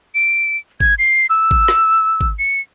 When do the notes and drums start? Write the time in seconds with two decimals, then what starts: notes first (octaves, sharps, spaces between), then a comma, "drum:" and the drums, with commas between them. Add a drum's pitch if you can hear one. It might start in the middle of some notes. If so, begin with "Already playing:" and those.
0.15 D7
0.80 G#6, drum: kick G#1
0.99 C7
1.30 E6
1.51 drum: kick G#1
1.68 drum: snare
2.21 drum: kick G#1
2.39 C#7